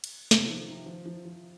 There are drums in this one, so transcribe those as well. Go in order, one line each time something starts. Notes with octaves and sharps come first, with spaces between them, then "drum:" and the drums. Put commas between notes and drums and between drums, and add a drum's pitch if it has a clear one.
drum: cymbal
C3, drum: snare
F3
D#3
D#3
F3
F3
F3